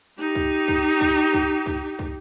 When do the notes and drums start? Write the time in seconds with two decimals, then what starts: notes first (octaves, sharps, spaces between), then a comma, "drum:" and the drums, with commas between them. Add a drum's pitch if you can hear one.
0.19 D#4 G4
0.35 drum: kick
0.68 drum: kick
1.01 drum: kick
1.33 drum: kick
1.66 drum: kick
1.99 drum: kick